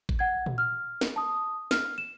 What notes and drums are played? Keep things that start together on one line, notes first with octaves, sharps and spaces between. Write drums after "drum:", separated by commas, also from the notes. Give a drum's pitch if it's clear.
drum: kick G#1
F#5 G#6
drum: tom A#2
F6
drum: snare
A5 D#6
F6, drum: snare
E7